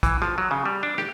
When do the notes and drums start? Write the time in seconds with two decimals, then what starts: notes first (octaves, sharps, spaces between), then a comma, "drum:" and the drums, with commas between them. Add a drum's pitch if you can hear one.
0.03 E3, drum: kick, hi-hat
0.22 F3, drum: rim click
0.38 F#3
0.51 C#3
0.65 G3
0.83 D4
0.98 G4, drum: rim click